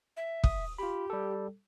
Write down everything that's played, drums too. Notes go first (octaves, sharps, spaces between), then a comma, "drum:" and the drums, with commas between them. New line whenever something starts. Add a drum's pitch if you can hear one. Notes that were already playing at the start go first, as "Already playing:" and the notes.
E5
D#6, drum: kick
F4 G4 B5
G3 A4